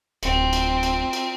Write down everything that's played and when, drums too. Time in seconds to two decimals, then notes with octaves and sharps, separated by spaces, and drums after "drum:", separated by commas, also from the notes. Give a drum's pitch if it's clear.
0.23 D1 C4, drum: cymbal
0.53 drum: cymbal
0.83 drum: cymbal
1.13 drum: cymbal